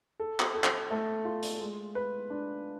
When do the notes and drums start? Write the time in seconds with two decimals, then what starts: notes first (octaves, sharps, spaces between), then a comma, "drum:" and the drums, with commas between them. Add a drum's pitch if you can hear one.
0.20 A4
0.40 drum: clap
0.55 A4
0.64 drum: clap
0.91 A3
1.25 F4
1.43 drum: hi-hat
1.60 G#3
1.95 B4
2.30 D4